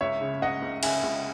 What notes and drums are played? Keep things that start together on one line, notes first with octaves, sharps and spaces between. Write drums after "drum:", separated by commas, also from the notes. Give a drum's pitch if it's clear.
C#2 C#5 E5
C#3
C#2 D#5 F#5
C#2
C#3 E5 G#5, drum: cymbal
C#2